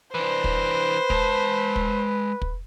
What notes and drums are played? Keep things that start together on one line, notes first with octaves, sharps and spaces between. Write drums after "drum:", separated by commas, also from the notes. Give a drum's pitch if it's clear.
E3 D4 B4 C5
drum: kick
G#3 A5, drum: kick
drum: kick
drum: kick